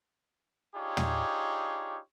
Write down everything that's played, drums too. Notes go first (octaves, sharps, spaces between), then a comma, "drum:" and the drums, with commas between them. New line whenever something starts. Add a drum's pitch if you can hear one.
D4 D#4 F4 G4 G#4 C#5
drum: tom